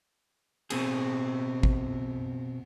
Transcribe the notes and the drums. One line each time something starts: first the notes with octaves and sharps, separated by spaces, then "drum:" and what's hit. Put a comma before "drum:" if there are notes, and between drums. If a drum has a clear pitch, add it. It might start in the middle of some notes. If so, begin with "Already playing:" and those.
B2 C4 G#4, drum: cymbal
drum: kick G#1